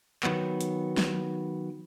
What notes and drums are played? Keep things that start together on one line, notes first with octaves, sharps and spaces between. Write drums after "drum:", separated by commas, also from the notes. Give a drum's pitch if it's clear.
D#3 F#3 B3, drum: clap
drum: hi-hat
drum: snare